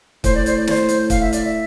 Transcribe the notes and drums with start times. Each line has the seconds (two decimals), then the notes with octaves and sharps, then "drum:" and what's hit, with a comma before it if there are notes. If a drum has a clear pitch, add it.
0.24 A2 C5, drum: kick, hi-hat
0.35 D5
0.46 C5, drum: hi-hat
0.57 D5
0.67 D5, drum: snare
0.71 C5
0.89 drum: hi-hat
1.10 F5, drum: kick, hi-hat
1.21 E5
1.33 D5, drum: hi-hat
1.44 E5